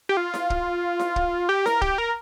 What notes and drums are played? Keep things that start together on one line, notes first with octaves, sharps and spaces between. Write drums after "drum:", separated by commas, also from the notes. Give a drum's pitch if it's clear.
G4
F4
drum: snare E4
drum: kick
drum: snare E4
drum: kick
G4
A#4, drum: snare E4
G4, drum: kick
A#4